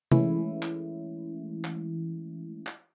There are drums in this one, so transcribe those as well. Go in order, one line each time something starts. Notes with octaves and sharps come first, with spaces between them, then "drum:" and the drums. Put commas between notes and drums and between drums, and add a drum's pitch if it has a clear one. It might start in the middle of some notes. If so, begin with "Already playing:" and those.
E3 G#3 A3 C#4 E4, drum: tom
drum: clap
drum: clap
drum: clap